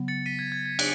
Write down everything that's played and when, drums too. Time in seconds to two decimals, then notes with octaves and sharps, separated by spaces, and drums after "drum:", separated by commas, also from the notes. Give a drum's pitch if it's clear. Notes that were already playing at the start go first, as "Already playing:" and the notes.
Already playing: C#3 F#3 B3
0.08 A6 C#7
0.26 B6 D#7
0.39 G#6
0.52 G#6
0.66 G#6
0.79 F#6, drum: cymbal